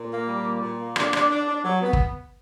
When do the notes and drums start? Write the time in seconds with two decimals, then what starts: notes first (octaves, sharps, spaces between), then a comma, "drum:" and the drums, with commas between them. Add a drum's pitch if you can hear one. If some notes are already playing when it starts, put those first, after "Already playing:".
Already playing: A#2
0.11 A#3
0.28 G3
0.45 A#2
0.62 A#2
0.79 A#3
0.96 D4, drum: rim click
1.13 D4, drum: rim click
1.30 D4
1.48 D4
1.64 F#3
1.82 B3
1.93 drum: kick